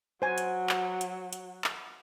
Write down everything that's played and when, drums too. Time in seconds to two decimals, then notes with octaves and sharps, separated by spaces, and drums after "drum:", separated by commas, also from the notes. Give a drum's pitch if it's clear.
0.22 F#3 C5 G#5
0.38 drum: hi-hat
0.69 drum: clap
1.01 drum: hi-hat
1.33 drum: hi-hat
1.64 drum: clap